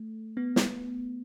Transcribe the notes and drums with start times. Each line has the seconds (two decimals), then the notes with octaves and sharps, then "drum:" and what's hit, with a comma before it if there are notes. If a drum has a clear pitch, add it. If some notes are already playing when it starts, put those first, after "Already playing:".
Already playing: A3
0.37 B3
0.56 drum: snare